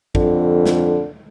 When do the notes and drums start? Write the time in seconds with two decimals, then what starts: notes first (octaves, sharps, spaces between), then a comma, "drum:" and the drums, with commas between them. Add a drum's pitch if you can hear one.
0.15 F2 D3, drum: kick
0.66 drum: snare